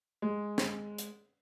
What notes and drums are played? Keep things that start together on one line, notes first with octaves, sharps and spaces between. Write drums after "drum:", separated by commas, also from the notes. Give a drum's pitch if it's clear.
G#3
drum: snare
drum: hi-hat